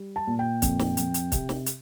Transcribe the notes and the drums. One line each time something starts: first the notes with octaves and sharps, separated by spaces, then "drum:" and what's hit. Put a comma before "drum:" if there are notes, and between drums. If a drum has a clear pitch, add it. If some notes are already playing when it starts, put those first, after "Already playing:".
Already playing: G3
A5
A#2
G5
F2, drum: kick, hi-hat
drum: snare
F2, drum: hi-hat
drum: hi-hat
C3, drum: kick, hi-hat
drum: snare
drum: hi-hat